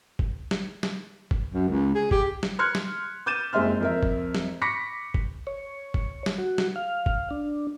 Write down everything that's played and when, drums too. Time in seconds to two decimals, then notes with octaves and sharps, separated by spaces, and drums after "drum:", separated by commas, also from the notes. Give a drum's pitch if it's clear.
0.19 drum: kick
0.51 drum: snare
0.83 drum: snare
1.31 drum: kick
1.52 F#2
1.69 C#2
1.95 G#4
2.11 G4, drum: kick
2.43 drum: snare
2.59 C6 F6 F#6 G#6 C#7
2.75 drum: snare
3.26 D6 G6 A6 D#7 E7
3.53 F#1 G#3 C4 E5 C6 F6
3.81 F2 A#4 E5
4.03 drum: kick
4.35 drum: snare
4.61 B5 C#6 D6 A#6 B6 C#7
5.14 drum: kick
5.47 C#5
5.94 drum: kick
6.26 drum: snare
6.38 F#4
6.58 drum: snare
6.76 F5
7.06 drum: kick
7.31 D4